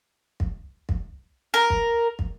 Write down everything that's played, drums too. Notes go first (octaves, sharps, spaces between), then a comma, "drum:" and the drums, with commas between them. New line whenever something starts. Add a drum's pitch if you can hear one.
drum: kick
drum: kick
A#4
drum: kick
drum: kick